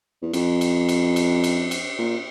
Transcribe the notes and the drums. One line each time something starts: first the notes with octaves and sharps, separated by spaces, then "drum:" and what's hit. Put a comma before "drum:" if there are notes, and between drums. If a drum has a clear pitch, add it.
E2
F2, drum: cymbal
drum: cymbal
drum: cymbal
drum: cymbal
drum: cymbal
drum: cymbal
A#2